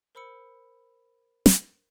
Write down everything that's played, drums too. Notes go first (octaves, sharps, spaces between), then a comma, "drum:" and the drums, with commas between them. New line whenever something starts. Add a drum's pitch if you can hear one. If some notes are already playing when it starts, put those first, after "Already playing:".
A#4 C5 B5 E6 C#7
drum: snare